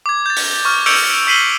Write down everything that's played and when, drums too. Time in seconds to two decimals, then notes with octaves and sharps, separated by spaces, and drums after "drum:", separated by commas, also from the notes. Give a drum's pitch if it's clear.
0.06 D6 G#6
0.26 G6 A6
0.36 drum: open hi-hat
0.65 C#6 F6
0.86 C#6 E6 G6 C#7 D7 F7, drum: open hi-hat
1.02 C#7
1.27 E6 B6 C7 D#7 F#7 G7